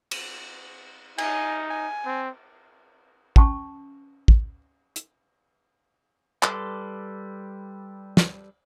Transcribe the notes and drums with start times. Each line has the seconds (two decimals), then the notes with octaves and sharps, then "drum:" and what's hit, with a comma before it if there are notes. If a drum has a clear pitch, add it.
0.11 drum: cymbal
1.18 D#4 G#5, drum: cymbal
1.70 G#5
2.06 C4
3.36 C#4 A5 C#6, drum: kick
4.28 drum: kick
4.96 drum: hi-hat
6.43 G3 A4 B4 C6 D6, drum: clap
8.17 drum: snare